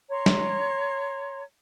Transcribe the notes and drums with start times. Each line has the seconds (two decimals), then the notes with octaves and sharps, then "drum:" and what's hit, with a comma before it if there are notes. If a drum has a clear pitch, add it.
0.10 C#5 A#5 C6
0.26 drum: snare